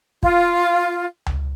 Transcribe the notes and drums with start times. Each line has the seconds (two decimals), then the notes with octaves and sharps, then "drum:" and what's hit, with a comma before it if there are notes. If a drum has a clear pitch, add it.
0.23 F4, drum: kick
1.26 drum: tom C#2